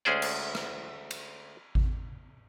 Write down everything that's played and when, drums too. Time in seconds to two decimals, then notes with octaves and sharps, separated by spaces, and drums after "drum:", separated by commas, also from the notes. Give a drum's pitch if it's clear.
0.05 D2 G#3 C#4 G#4 C5 D5
0.22 drum: cymbal
0.55 drum: rim click
1.11 drum: cymbal
1.75 drum: kick G#1